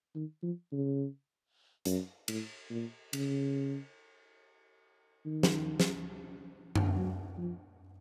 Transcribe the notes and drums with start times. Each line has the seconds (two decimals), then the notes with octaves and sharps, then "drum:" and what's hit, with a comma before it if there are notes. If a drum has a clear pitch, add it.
0.15 D#3
0.43 F3
0.72 C#3
1.85 F#2, drum: hi-hat
2.28 A2, drum: cymbal
2.71 A#2
3.13 C#3, drum: cymbal
5.25 D#3
5.43 drum: snare
5.80 drum: snare
6.75 drum: tom F#2
6.96 F#3
7.38 F3